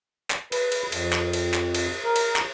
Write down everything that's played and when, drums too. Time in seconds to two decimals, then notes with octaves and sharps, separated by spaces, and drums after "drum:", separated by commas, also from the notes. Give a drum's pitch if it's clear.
0.31 drum: clap
0.52 B4, drum: cymbal
0.72 drum: cymbal
0.92 F2, drum: cymbal
1.13 drum: clap
1.33 drum: cymbal
1.54 drum: clap
1.75 drum: cymbal
2.05 A#4
2.16 drum: cymbal
2.36 drum: clap